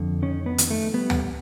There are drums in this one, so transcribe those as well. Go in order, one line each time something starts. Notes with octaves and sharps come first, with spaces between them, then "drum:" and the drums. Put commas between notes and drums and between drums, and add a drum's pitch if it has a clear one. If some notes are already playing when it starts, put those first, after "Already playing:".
Already playing: F2 D3
D#3 C#4
B3
D#3, drum: hi-hat
A3
G3 B3
drum: tom D2